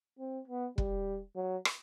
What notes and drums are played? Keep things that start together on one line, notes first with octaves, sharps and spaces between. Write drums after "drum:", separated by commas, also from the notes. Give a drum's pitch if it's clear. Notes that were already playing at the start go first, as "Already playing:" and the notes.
C4
B3
G3, drum: kick
F#3
drum: rim click